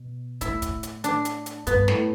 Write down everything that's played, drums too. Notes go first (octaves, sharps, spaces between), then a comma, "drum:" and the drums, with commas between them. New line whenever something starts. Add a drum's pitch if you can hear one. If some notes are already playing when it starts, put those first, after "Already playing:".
Already playing: B2
A2 E4, drum: hi-hat
drum: kick, hi-hat
drum: hi-hat
D4, drum: hi-hat
drum: hi-hat
drum: hi-hat
G2 B3, drum: hi-hat
A2, drum: snare